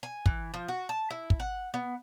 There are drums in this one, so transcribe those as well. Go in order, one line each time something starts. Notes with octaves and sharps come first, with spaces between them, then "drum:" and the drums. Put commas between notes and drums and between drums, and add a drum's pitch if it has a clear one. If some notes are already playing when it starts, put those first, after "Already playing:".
G#5
E3, drum: kick
F3
F#4
A5
E4
drum: kick
F#5
B3